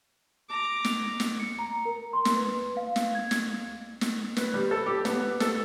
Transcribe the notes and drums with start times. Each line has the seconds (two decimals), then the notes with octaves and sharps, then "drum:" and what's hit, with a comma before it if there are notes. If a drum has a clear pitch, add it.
0.49 A#5 D6
0.84 drum: snare
1.20 drum: snare
1.39 C#7
1.59 A#5
1.85 A#4
2.13 C6
2.25 drum: snare
2.36 B4
2.77 F5
2.96 drum: snare
3.15 G#6
3.31 drum: snare
4.01 drum: snare
4.37 B4, drum: snare
4.54 G3
4.71 A4
4.86 G4
5.05 B3, drum: snare
5.40 A4, drum: snare